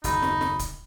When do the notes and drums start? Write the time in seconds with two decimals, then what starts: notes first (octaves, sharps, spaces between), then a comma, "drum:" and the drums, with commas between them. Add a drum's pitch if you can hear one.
0.04 F#1 D#2 D#4 B5, drum: hi-hat
0.22 drum: snare
0.41 drum: snare
0.59 drum: kick, hi-hat